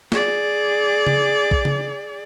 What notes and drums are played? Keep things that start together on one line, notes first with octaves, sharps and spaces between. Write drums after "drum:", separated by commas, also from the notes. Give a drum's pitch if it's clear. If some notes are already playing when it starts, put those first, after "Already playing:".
G#4 D5, drum: snare
drum: tom C#3
drum: kick
drum: tom C#3